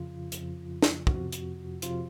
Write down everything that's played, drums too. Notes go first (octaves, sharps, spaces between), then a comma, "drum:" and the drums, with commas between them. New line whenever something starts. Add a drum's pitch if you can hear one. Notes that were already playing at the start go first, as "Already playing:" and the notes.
Already playing: F2 C#3 F3 F4
F2 C#3 F3, drum: hi-hat
drum: snare
F2 C3 F3 F#4, drum: kick
drum: hi-hat
C3 F3 F4, drum: hi-hat